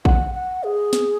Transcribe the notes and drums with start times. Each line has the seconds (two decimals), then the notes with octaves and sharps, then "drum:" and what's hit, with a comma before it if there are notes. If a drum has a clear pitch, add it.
0.05 F#5, drum: kick A1
0.35 F#5
0.64 G#4
0.93 drum: snare